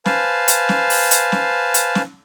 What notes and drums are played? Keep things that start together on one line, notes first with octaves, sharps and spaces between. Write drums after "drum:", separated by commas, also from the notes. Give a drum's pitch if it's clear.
B4 C5 F5 G#5 A5, drum: snare
drum: hi-hat
drum: snare
drum: open hi-hat
drum: hi-hat
drum: snare
drum: hi-hat
drum: snare